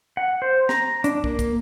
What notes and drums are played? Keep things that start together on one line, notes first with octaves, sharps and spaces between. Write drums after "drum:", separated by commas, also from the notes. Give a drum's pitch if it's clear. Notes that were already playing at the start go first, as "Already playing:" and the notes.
F#5
C5
A#5, drum: snare
D4, drum: hi-hat
A#3, drum: kick
drum: kick, hi-hat